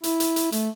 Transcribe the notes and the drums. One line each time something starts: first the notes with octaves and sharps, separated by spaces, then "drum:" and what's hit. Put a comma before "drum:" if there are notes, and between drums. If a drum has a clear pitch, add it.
E4, drum: hi-hat
drum: hi-hat
drum: hi-hat
A3, drum: hi-hat